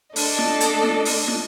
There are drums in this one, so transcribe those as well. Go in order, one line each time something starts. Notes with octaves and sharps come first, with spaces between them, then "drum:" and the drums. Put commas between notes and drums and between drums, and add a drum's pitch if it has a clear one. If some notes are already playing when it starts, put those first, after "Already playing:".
A3 D4 A4 D#5, drum: open hi-hat
drum: snare
drum: hi-hat
drum: snare
drum: open hi-hat
drum: snare